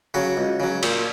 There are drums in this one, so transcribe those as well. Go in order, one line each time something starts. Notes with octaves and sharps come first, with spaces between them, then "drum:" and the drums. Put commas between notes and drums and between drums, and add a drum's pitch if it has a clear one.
C#3 F#3 F#4
C#2
C#3 F#3
A#2, drum: cymbal